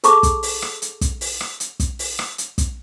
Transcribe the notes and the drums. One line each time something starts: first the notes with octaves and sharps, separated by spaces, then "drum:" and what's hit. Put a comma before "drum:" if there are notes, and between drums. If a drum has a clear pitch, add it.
G#4 A4 A5 C#6 D6, drum: hi-hat
drum: kick, hi-hat
drum: open hi-hat
drum: rim click
drum: hi-hat
drum: kick, hi-hat
drum: open hi-hat
drum: rim click
drum: hi-hat
drum: kick, hi-hat
drum: open hi-hat
drum: rim click
drum: hi-hat
drum: kick, hi-hat